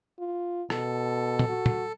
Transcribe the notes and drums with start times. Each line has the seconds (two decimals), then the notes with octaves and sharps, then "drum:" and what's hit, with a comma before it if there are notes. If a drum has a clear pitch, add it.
0.19 F4
0.70 B2 A4, drum: rim click
1.39 drum: tom A#2
1.49 F#4
1.66 drum: tom